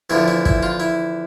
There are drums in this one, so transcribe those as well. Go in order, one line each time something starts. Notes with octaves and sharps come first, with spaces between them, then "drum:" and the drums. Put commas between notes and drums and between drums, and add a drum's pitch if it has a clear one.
E2 D3 F3 E4
E4
E4, drum: kick
F4
E4